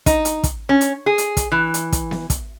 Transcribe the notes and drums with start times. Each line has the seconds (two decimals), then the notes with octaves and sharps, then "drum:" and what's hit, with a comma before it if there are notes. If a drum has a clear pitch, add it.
0.06 D#4, drum: kick, hi-hat
0.25 drum: hi-hat
0.44 drum: kick, hi-hat
0.69 C#4
0.81 drum: hi-hat
1.06 G#4
1.18 drum: hi-hat
1.37 drum: kick, hi-hat
1.52 E3
1.74 drum: hi-hat
1.92 drum: kick, hi-hat
2.11 drum: snare B3
2.30 drum: kick, hi-hat